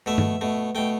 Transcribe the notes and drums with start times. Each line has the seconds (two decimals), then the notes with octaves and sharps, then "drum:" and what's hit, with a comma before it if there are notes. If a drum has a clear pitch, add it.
0.06 B2 A3 E5
0.18 drum: tom G2
0.41 B2 A3
0.75 B2 A3 G5